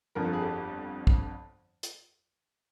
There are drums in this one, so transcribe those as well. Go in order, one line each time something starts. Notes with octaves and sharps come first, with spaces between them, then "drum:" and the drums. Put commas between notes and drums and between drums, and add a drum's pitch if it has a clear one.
G1 F2 D3 F3 A#4
A4
G#4
G4 A4
drum: kick
drum: hi-hat